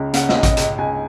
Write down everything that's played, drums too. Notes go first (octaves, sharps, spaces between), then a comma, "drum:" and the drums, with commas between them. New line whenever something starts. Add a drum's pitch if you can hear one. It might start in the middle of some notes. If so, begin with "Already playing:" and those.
Already playing: C#2 C#3
C#3 F#5, drum: hi-hat
D#5, drum: snare
C#2
D#5, drum: kick A1, hi-hat
C#2 D#5, drum: hi-hat
C#2 G#5